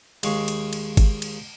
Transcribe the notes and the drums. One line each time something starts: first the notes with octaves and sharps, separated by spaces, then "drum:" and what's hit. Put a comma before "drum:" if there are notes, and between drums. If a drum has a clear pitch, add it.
D#2 G#3 F5 G#5 C#6, drum: cymbal
drum: cymbal
drum: cymbal
drum: kick G1, cymbal
drum: cymbal